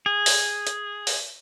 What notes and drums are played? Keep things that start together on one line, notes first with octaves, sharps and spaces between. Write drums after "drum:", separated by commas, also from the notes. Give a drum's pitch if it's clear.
G#4
drum: open hi-hat
drum: hi-hat
drum: open hi-hat